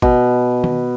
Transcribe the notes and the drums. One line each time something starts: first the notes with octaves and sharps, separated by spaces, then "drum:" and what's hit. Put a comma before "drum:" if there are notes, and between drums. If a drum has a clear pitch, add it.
B2, drum: kick G#1
drum: tom